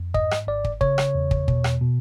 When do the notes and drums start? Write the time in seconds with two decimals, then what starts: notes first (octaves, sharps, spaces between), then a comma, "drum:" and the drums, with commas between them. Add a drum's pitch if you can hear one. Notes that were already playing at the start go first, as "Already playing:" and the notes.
Already playing: F2
0.14 G#2 D#5, drum: kick
0.31 drum: rim click
0.47 G#1 D5
0.65 drum: kick
0.81 C#3 C#5, drum: kick
0.98 drum: rim click
1.15 E2
1.31 drum: kick
1.48 B2, drum: kick
1.64 drum: rim click
1.81 B2